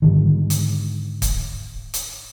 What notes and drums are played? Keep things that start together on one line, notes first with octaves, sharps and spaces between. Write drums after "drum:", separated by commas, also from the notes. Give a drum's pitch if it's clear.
G#2 D3 D#3
drum: hi-hat
drum: kick, hi-hat
drum: hi-hat